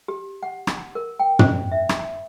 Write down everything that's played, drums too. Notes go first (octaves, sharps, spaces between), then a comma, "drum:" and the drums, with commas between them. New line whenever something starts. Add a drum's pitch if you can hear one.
G4
F#5
drum: rim click
A#4
G5
C5, drum: tom
E5
drum: rim click